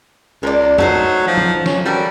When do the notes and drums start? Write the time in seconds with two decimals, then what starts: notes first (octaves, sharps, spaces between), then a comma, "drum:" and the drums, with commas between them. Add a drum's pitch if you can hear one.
0.43 C#2 A#4 D5
0.78 F#3 A3 D#4 C5, drum: tom F2
1.27 F3
1.38 drum: tom E3
1.66 C#4, drum: snare
1.86 G3 F#4 A4 A#4